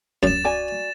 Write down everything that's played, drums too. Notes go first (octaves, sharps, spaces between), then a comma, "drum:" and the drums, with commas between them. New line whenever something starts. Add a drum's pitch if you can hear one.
F#2 G5 A6 E7, drum: kick
F#4 D5 G#5